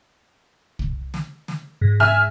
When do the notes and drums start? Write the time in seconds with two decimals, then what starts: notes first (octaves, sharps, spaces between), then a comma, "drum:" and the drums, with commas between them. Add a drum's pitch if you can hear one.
0.79 drum: kick
1.14 drum: snare
1.48 drum: snare
1.81 G#2
2.00 E5 G#5 F6